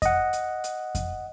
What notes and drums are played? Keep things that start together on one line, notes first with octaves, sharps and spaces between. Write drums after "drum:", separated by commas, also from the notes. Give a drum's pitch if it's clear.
D#5 F#5, drum: kick F2, hi-hat
drum: hi-hat
drum: hi-hat
drum: kick F2, hi-hat